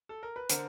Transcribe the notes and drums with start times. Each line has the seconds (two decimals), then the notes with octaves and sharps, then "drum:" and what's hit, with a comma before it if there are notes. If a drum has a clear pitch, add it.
0.09 A4
0.23 A#4
0.36 B4
0.50 D3 A#4 C5, drum: hi-hat